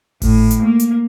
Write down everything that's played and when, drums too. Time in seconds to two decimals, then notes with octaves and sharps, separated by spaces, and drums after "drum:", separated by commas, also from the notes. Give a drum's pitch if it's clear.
0.22 A2, drum: kick G#1, open hi-hat
0.51 drum: hi-hat
0.62 A#3
0.80 drum: hi-hat